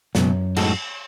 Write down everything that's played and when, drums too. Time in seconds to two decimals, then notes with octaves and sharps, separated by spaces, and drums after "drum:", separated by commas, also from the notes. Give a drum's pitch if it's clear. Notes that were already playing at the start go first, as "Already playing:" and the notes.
0.15 C#2 F#2 B2 F#3, drum: snare
0.56 A2 G#3 D#4 F#4 A4, drum: cymbal